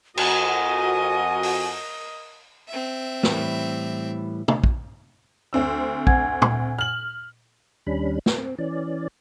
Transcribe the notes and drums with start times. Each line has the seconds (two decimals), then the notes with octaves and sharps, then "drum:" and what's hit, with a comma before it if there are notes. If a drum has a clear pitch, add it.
0.17 F2 F#4 A#4 D#5 G#5, drum: cymbal
1.43 drum: open hi-hat
2.68 C4 E5
3.23 A2 E3 G3, drum: snare
4.48 drum: tom
4.64 drum: kick
5.53 D2 C4 E6
6.07 F#5 G#5 G#6, drum: kick
6.42 drum: tom
6.78 F6 F#7
7.87 D#2 G3 C#4 D4 B5
8.26 drum: snare
8.38 C4
8.59 E3 C#4 D5